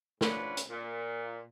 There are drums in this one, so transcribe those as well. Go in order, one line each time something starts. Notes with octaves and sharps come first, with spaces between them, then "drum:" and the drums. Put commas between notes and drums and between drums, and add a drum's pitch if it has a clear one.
G#2 F3 C#4 D4 B4 F#5, drum: snare
drum: hi-hat
A#2